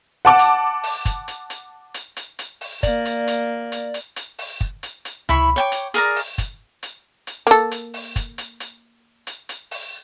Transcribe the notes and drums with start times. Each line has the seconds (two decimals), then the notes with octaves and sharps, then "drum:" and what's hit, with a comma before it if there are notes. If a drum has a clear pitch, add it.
0.25 F#5 A5 D6
0.39 drum: hi-hat
0.83 drum: open hi-hat
1.06 drum: kick, hi-hat
1.28 drum: hi-hat
1.50 drum: hi-hat
1.94 drum: hi-hat
2.16 drum: hi-hat
2.39 drum: hi-hat
2.61 drum: open hi-hat
2.83 A#3 D5, drum: kick, hi-hat
3.05 drum: hi-hat
3.27 drum: hi-hat
3.72 drum: hi-hat
3.94 drum: hi-hat
4.16 drum: hi-hat
4.38 drum: open hi-hat
4.61 drum: kick
4.83 drum: hi-hat
5.05 drum: hi-hat
5.29 E4 B5 C#6, drum: tom C#2
5.56 C#5 G5 D6
5.72 drum: hi-hat
5.94 G#4 A#4 D5 A#5, drum: hi-hat
6.16 drum: open hi-hat
6.38 drum: kick, hi-hat
6.83 drum: hi-hat
7.27 drum: hi-hat
7.47 A#3 A4, drum: hi-hat
7.71 drum: hi-hat
7.94 drum: open hi-hat
8.16 drum: kick, hi-hat
8.38 drum: hi-hat
8.60 drum: hi-hat
9.27 drum: hi-hat
9.49 drum: hi-hat
9.71 drum: open hi-hat